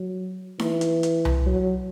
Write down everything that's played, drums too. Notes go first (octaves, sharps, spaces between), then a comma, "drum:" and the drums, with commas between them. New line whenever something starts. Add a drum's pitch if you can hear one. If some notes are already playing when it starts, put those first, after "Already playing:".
Already playing: F#3
E3, drum: snare D#4
drum: hi-hat
drum: hi-hat
drum: tom C2
F#3